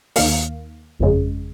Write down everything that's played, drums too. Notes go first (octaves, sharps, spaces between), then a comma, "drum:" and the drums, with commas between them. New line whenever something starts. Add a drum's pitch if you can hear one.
D#2 D#3 A#3 F5, drum: open hi-hat
G1 F2 C#3 G#3